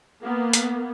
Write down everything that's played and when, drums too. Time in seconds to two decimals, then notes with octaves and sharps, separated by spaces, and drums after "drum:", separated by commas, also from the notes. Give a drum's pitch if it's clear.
0.22 A#3 B3
0.53 drum: hi-hat